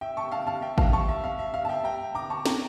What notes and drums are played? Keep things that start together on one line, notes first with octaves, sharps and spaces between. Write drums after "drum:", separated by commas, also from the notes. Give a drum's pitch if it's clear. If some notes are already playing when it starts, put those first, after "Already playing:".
E5 G5
A5 C#6
F5 A5
F5 A5
E5 G5
F5 A5, drum: kick G#1
A5 C#6
E5
F5
E5
F5
A5
E5 G5
G5 A#5
A#5 D6
A5 C#6
G5 A#5, drum: snare